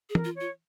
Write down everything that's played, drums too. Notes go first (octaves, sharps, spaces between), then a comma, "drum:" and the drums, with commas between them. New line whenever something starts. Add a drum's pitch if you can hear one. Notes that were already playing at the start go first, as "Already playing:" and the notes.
G#4
A#4, drum: tom
F4
F4 C#5